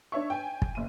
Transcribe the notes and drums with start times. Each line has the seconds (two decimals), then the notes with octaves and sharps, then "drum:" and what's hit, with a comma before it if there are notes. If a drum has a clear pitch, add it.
0.12 D4 C#5 E5 C#6
0.30 G5 G#5
0.62 drum: kick
0.75 F#1 D#7